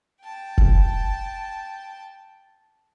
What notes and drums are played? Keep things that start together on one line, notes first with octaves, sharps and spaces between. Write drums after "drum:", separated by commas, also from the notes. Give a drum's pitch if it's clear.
G5 A5
drum: kick